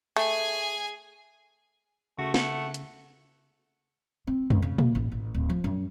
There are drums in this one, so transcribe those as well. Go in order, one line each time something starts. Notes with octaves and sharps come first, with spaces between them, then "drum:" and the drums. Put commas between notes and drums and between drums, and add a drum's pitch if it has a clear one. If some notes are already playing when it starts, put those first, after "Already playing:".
A3 G#4 G#5
C#3 A3 F#4
A3 F#5, drum: snare
drum: hi-hat
C4
C#2, drum: tom F2
C#3
A#3, drum: tom A#2
A1
A1
D1
F3
F#2